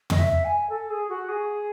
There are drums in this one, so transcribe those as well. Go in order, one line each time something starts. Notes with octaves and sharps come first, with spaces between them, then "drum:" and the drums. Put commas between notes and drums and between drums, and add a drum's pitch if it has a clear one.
D#5, drum: tom
E5
G#5
A4
G#4
F#4
G#4